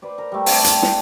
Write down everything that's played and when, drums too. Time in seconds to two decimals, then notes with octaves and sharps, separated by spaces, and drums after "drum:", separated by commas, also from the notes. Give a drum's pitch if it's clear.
0.02 B4 C5 D5
0.18 A#4
0.32 G3 A3
0.46 C3 D4 G4, drum: open hi-hat
0.64 drum: hi-hat
0.82 drum: snare